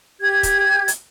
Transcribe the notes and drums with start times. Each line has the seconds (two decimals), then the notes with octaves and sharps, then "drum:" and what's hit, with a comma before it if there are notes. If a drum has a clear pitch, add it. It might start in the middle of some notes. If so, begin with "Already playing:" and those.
0.21 G4 G#6
0.43 drum: kick, hi-hat
0.88 drum: hi-hat